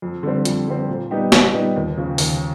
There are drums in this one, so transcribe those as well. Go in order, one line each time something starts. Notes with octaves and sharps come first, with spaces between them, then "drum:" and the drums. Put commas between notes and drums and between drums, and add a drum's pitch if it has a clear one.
F2
D3 G3 C4
F2, drum: hi-hat
D3 G3 C4
A#2
G3 B3 D#4 G4
A#2, drum: snare
G3 B3 D#4 G4
D#2
C#3 F3
D#2, drum: open hi-hat